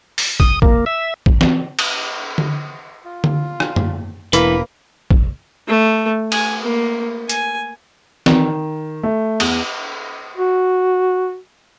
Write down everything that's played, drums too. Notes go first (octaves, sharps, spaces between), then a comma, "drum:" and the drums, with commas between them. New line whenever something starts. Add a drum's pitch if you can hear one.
drum: open hi-hat
D#6, drum: kick
A#3, drum: kick
E5
drum: kick
drum: snare
drum: cymbal
drum: tom D3
F4
drum: tom D3
drum: rim click
drum: tom
E1 E3 A#3 B4, drum: hi-hat
drum: kick
A3
G#5, drum: cymbal
A#3
G#5, drum: hi-hat
D#3, drum: snare
A3
E2, drum: cymbal
F#4